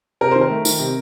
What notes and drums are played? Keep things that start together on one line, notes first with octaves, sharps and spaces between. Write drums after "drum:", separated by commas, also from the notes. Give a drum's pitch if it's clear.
C3 A#4
D#3 C5
A#4
A3
D#3, drum: tambourine
C3